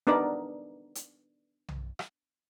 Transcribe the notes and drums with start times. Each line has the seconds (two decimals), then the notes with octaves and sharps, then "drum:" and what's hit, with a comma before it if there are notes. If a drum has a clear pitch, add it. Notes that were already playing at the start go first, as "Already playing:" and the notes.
0.07 B3 D4 D#4 A#4 D5
0.95 drum: hi-hat
1.68 drum: tom B1
1.99 drum: rim click